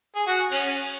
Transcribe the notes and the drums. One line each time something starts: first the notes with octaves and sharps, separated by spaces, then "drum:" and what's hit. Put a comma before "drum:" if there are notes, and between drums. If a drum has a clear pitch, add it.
G#4
F#4
C#4, drum: cymbal